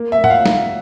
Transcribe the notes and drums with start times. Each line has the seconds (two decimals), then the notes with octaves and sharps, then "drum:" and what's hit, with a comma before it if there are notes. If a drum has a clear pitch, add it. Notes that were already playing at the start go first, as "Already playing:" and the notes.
Already playing: A#3
0.12 E5
0.18 A#3
0.24 F#5, drum: tom
0.30 F5
0.46 drum: snare